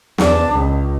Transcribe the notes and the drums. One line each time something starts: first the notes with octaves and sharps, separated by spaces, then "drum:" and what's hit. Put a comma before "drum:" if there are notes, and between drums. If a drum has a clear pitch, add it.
E2 D4, drum: snare
C#2